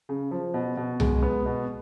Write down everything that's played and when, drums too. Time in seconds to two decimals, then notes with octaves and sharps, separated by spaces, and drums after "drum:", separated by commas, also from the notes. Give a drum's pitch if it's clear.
0.09 C#3
0.31 F3
0.54 B2
0.77 B2
1.00 G#3, drum: tom C2
1.23 B3
1.46 B2